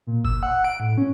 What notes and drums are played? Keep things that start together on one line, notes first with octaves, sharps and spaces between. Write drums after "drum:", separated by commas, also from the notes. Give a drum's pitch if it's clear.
A#2
E6, drum: kick F#1
F#5
D7
A2
C#4